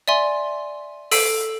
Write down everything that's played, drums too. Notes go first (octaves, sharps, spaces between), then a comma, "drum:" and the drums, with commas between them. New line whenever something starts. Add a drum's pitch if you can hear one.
D5 E5 G#5 C6
A4 E6 B6 C7 D7 D#7, drum: open hi-hat